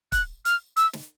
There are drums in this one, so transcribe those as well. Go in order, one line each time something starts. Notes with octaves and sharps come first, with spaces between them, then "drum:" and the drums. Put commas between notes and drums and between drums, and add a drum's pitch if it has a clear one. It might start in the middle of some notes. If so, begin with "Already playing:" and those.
F#6, drum: kick, hi-hat
F6, drum: hi-hat
E6, drum: hi-hat
drum: snare